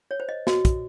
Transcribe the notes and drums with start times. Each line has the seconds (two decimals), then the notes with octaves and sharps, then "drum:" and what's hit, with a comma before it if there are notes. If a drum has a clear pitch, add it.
0.11 C#5
0.20 C5
0.29 D#5
0.47 F#4 D#5, drum: snare
0.65 drum: kick, hi-hat